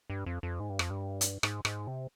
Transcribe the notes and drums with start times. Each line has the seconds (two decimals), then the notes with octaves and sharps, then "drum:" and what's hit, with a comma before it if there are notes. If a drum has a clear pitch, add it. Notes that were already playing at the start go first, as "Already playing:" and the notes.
0.10 G2
0.26 F2
0.43 F2
0.60 G#2
0.70 G2
0.79 F2, drum: rim click
0.90 G2
1.21 drum: hi-hat
1.43 G#2, drum: rim click
1.65 G#2, drum: rim click
1.87 C3